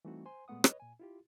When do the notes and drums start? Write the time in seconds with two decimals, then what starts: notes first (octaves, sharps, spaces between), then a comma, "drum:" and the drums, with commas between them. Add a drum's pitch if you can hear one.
0.05 E3 G3 A3 C4 D#4 F#4
0.25 C5 G#5 C6
0.48 A#2 G#3 A3 B3 F#5 D#6
0.64 B4 C#5 D#5, drum: rim click
0.80 A#2 G#5
1.00 E4 F4 G4